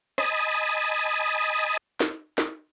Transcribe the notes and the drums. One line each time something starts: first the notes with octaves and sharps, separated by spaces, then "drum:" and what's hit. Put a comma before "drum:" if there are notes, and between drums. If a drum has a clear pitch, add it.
D#5 G#5 A5 B5 D#6, drum: rim click
drum: snare
drum: snare